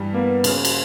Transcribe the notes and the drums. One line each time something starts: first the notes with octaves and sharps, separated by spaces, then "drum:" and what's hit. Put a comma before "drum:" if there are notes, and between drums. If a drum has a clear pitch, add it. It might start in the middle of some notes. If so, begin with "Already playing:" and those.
Already playing: G2 E3 G3
A#3 B3
C#3, drum: cymbal
drum: cymbal